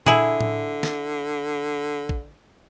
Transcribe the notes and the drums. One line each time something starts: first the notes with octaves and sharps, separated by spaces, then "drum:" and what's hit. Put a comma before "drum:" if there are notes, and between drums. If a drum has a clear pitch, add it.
D3 E4 G#4, drum: tom A#2
drum: tom A2
drum: snare
drum: kick